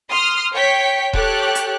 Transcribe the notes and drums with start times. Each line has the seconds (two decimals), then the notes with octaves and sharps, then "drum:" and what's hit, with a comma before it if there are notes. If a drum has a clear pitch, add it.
0.10 C6 D#6 F6
0.53 C#5 G5 B6 C#7
1.13 G4 A4 C#5 F#6, drum: kick D#1
1.55 drum: hi-hat